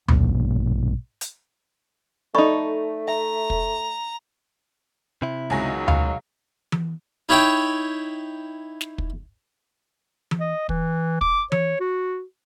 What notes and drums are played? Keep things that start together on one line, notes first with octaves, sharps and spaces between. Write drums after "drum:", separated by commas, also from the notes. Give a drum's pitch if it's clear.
A#1 G2 B2 A#3, drum: tom D2
drum: hi-hat
A3 D#4 A4 D5 B5 C#6
E5 A#5
drum: kick
C3 E4
C#2 B2 D#3 F#3 G#5 A#6
B1 F5, drum: tom D2
drum: tom E3
D#4 E4 C#5 E5 G5
drum: snare
drum: kick
drum: tom E3
D#5
E3, drum: kick
D6, drum: kick
C#5, drum: tom E3
F#4